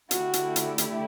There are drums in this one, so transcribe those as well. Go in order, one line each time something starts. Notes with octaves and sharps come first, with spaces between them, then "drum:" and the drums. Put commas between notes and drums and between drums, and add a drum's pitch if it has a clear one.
D3 A3 E4 F#4 G4, drum: hi-hat
drum: hi-hat
drum: hi-hat
drum: hi-hat